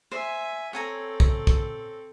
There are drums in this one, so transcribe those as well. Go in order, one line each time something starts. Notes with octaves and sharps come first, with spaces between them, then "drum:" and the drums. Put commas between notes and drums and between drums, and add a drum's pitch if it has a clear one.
C5 E5 G#5
C4 A4 C#5 G#5 A#5
drum: kick
drum: kick